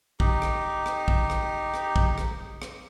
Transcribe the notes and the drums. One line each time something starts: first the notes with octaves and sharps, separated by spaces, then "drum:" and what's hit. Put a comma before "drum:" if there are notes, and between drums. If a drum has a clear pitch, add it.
D#4 G4, drum: kick
drum: rim click
drum: rim click
drum: kick
drum: rim click
drum: rim click
drum: kick
drum: rim click
drum: rim click